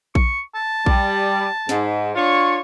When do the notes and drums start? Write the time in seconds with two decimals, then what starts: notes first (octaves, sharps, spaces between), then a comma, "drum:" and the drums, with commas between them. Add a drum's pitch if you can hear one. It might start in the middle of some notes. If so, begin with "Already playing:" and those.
0.15 C#6, drum: kick A#1
0.55 A5
0.86 G3, drum: kick A#1
1.69 G#2, drum: snare
2.15 D4 F4 C#5